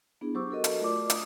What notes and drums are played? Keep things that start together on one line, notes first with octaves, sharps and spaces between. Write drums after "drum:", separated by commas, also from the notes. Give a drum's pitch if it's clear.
B3 D4 E4 G#4
F#3 G4 C5 C#6 D6 E6
F#4 A4 A#4 D#5
drum: hi-hat
A3 F4 A#4 D5 D6
D#6, drum: hi-hat